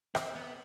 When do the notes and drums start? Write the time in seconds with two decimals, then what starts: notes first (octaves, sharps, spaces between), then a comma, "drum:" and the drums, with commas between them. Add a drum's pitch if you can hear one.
0.15 C4, drum: rim click
0.35 B3